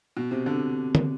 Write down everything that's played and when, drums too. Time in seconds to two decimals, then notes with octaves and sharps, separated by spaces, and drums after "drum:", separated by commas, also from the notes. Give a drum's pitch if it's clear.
0.17 B2
0.31 C3
0.46 D3
0.95 drum: tom